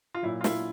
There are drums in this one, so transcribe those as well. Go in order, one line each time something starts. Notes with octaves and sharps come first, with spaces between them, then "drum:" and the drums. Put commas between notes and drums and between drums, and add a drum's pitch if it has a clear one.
F4
A#2 F#3 E4
F4
E4, drum: snare